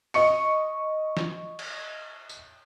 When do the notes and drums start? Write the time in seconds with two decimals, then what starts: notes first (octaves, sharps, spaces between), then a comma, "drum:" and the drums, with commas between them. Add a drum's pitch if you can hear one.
0.14 D#5 C#6 C#7, drum: open hi-hat
1.17 drum: snare
1.59 drum: cymbal
2.29 drum: tambourine